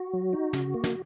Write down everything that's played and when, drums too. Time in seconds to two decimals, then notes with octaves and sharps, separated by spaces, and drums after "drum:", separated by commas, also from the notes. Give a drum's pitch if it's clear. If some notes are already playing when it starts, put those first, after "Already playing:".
Already playing: F#4
0.13 F#3
0.33 D#4
0.53 C#3, drum: snare
0.74 A#3
0.84 drum: snare